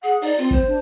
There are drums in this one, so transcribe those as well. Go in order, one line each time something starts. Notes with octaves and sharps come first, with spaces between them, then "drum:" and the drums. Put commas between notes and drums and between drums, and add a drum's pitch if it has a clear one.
G#4 F#5
D#4 D5, drum: open hi-hat
C4 F4
C5, drum: kick
D4